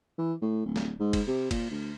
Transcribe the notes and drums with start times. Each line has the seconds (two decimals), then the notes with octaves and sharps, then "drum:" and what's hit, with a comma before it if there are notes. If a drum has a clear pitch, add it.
0.18 E3
0.42 A2
0.66 D1
0.76 drum: snare
1.00 G#2
1.13 drum: kick F#1, cymbal
1.27 C3
1.51 A#2, drum: kick F#1, cymbal
1.70 D2